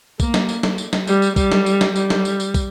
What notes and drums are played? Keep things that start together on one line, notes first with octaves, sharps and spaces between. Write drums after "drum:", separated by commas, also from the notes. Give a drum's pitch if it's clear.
A#3, drum: kick, tambourine
drum: snare
drum: tambourine
drum: snare
drum: tambourine
drum: snare
G3, drum: tambourine
drum: tambourine
G3, drum: kick, tambourine
drum: snare
drum: tambourine
drum: snare
G3, drum: tambourine
drum: snare
drum: tambourine
drum: tambourine
drum: kick, tambourine